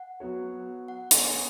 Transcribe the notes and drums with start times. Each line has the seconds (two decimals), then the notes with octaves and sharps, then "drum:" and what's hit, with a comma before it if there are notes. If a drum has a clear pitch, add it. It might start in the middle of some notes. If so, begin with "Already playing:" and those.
Already playing: F#5
0.20 F#3 B3 F#4 C#5
0.88 F#5
1.11 B3 G#4 C#5, drum: hi-hat